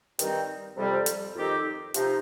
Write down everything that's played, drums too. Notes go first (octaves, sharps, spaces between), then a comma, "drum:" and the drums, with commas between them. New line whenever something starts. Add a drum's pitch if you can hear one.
G2 D#3 G3 C4 D#4, drum: hi-hat
F2 C3 G3
drum: hi-hat
F2 D#3 C4 D#4 G4
C3 F3 D#4, drum: hi-hat